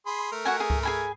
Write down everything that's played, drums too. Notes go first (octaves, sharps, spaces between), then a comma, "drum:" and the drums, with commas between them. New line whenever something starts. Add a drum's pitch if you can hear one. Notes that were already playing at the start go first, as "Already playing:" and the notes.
G#4 B5 C6
A3 A#4
F#4 F#5 G#5
G#4
drum: kick C#2
G#4 G#5 B5